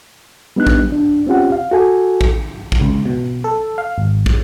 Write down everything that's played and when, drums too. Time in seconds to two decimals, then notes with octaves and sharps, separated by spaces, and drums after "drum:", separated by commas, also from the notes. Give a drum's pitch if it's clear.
0.56 G3 B3 D4 D#4 F#6
0.67 drum: kick
0.92 D4
1.27 C4 C#4 F4 G4 F#5
1.52 F5
1.71 F#4 A4 G#5
2.21 drum: kick
2.72 drum: kick
2.81 C#2
3.05 B2
3.44 A4
3.78 F5
3.98 G#1
4.26 drum: kick